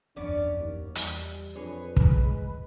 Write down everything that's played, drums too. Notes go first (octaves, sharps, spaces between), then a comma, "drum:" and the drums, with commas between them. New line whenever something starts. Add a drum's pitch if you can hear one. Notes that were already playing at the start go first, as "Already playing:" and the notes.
D1 G1 F2 B3 C#4 D4 D5
D#2
E2 G3, drum: hi-hat
F2 D4 G#4 B4 C#5
drum: kick
D#1 G#2 D#3 G#3